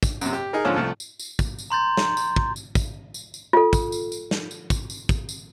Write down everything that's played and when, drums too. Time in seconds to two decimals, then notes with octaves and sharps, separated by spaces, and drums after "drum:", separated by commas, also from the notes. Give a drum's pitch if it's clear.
0.03 drum: kick, tambourine
0.21 F#2 C3, drum: tambourine
0.33 G4
0.53 D#4 G#4 A#4
0.64 G#2 D3 F3 C#4 F4 A4
0.76 C2 F3 A3
1.00 drum: tambourine
1.19 drum: tambourine
1.39 drum: kick, tambourine
1.58 drum: tambourine
1.70 A#5 C6 G6 A6
1.97 drum: snare
2.17 drum: tambourine
2.36 drum: kick
2.56 drum: tambourine
2.75 drum: kick, tambourine
3.14 drum: tambourine
3.34 drum: tambourine
3.53 F4 A4
3.73 drum: kick, tambourine
3.92 drum: tambourine
4.12 drum: tambourine
4.31 drum: snare
4.51 drum: tambourine
4.70 drum: kick, tambourine
4.90 drum: tambourine
5.09 drum: kick, tambourine
5.29 drum: tambourine